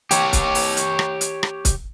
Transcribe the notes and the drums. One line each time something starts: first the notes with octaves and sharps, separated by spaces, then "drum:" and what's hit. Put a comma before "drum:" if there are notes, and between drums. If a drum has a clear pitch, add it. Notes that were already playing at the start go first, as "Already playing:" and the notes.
G4 C#5, drum: hi-hat
drum: kick, hi-hat
drum: open hi-hat
drum: hi-hat
drum: rim click
drum: hi-hat
drum: rim click
drum: kick, hi-hat